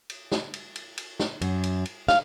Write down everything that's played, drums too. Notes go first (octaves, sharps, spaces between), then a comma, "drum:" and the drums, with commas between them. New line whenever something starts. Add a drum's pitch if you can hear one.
drum: cymbal
drum: snare
drum: cymbal
drum: cymbal
drum: cymbal
drum: snare
F#2, drum: cymbal
drum: cymbal
drum: cymbal
F5, drum: snare